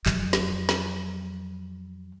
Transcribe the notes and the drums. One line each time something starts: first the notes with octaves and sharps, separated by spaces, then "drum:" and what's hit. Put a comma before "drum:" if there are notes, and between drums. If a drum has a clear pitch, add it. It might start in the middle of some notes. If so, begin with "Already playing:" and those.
F2 F#3, drum: clap
drum: snare
drum: snare